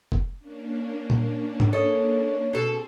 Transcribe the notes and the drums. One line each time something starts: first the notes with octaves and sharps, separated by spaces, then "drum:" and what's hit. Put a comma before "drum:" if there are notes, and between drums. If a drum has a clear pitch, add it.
drum: kick F1
A#3 C#4 D4
drum: tom A#2
drum: tom G#2
A4 C#5 D#5
B2 C4 G#4 A4